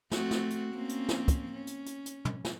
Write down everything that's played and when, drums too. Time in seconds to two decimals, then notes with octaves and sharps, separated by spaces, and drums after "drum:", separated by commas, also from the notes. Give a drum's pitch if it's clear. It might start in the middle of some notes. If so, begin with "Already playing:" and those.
0.11 A3 C4 F#4, drum: snare
0.31 drum: snare
0.50 drum: hi-hat
0.73 A#3 C4 C#4
0.89 drum: hi-hat
1.09 drum: snare
1.28 drum: kick, hi-hat
1.52 C#4
1.67 drum: hi-hat
1.86 drum: hi-hat
2.06 drum: hi-hat
2.25 drum: tom
2.45 drum: snare